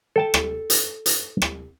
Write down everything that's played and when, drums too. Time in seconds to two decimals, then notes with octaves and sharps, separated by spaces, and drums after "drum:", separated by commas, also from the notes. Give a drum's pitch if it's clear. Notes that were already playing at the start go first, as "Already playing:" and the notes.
0.16 A4 G5 A5
0.34 drum: rim click
0.70 drum: hi-hat
1.06 drum: hi-hat
1.42 drum: rim click